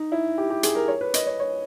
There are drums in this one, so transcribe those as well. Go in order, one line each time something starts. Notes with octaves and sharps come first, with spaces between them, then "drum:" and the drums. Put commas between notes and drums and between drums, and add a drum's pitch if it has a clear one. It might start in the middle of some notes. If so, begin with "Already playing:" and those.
Already playing: D#4
E4
G4
G4
G#4, drum: hi-hat
A#4
C#5
B4
D#5, drum: hi-hat
C#5
C#5